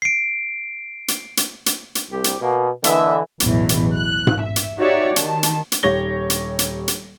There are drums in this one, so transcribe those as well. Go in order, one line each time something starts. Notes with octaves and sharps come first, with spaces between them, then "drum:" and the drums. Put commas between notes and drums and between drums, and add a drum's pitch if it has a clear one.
C7 D7
drum: hi-hat
drum: hi-hat
drum: hi-hat
drum: hi-hat
C2 G4
drum: hi-hat
B2 A#3
D3 E3 A#3 D#5 E5, drum: hi-hat
A1 E2 B2 E3 F#3, drum: hi-hat
drum: hi-hat
F#6
drum: tom G#2
E5
drum: hi-hat
D#4 F#4 G4 C#5 D5 E5
D#3 A5, drum: hi-hat
drum: hi-hat
drum: hi-hat
D#1 G4 C#5 A#6 G7
drum: hi-hat
drum: hi-hat
drum: hi-hat